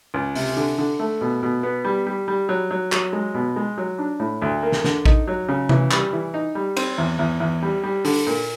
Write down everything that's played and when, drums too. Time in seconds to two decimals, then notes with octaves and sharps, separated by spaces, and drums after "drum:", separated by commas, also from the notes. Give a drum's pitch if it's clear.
0.14 C#2
0.35 C3, drum: open hi-hat
0.57 D3
0.78 D3
0.99 A3
1.21 B2
1.43 B2
1.63 B3
1.85 G3
2.07 G3
2.28 G3
2.49 F#3
2.71 F#3
2.92 F#3, drum: clap
3.13 G#3
3.34 B2
3.56 G#3
3.78 F#3
3.99 D4
4.20 A2
4.42 D2
4.63 A#3
4.72 drum: snare
4.84 D3, drum: snare
5.06 D#4, drum: kick A1
5.27 F#3
5.48 C#3
5.69 E3, drum: tom C3
5.91 G3, drum: clap
6.13 E3
6.34 D#4
6.55 G3
6.77 C4, drum: cymbal
6.98 E2
7.19 E2
7.40 E2
7.62 G3
7.83 G3
8.05 D3, drum: open hi-hat
8.27 A#2